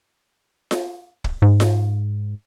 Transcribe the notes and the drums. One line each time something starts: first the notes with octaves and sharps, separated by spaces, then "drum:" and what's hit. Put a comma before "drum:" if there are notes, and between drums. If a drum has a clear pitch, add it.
drum: snare F4
drum: kick
G#2
drum: snare F4